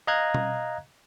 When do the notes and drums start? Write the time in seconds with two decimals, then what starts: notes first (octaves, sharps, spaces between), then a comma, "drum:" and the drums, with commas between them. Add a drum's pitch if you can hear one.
0.07 D#5 F5 A#5 F#6 G#6
0.34 drum: tom